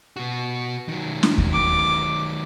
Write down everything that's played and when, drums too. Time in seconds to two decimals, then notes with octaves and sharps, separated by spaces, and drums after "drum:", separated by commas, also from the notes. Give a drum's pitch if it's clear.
0.16 B2 F#4
0.88 D#3 F#3
1.23 drum: snare
1.38 drum: kick D#2
1.53 D6